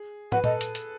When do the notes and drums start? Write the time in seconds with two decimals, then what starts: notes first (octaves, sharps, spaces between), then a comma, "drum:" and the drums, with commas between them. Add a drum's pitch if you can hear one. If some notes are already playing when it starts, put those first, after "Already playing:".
Already playing: G#4
0.32 B4 F#5, drum: tom
0.44 A4 D#5, drum: tom A#2
0.61 drum: hi-hat
0.75 drum: hi-hat